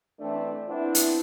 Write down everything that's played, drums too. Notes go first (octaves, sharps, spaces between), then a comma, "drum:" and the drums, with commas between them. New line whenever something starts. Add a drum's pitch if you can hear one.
E3 A3 C4 D4
B3 C4 D4 E4
drum: hi-hat